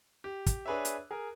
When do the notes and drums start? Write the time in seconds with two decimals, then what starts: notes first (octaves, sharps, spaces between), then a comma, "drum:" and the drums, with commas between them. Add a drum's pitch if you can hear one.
0.24 G4
0.46 drum: kick, hi-hat
0.66 D4 G#4 B4 C#5 E5
0.85 drum: hi-hat
1.11 G#4 A#4